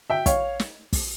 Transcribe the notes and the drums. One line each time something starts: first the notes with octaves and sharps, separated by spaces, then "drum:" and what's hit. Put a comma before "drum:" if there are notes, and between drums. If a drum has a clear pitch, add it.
E5 G5
C#5 F5, drum: kick, hi-hat
drum: snare
drum: kick, open hi-hat